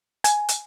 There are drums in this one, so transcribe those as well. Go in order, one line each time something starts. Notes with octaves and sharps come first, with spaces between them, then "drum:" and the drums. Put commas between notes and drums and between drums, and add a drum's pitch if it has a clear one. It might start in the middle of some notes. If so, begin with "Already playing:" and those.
G#5, drum: hi-hat
drum: hi-hat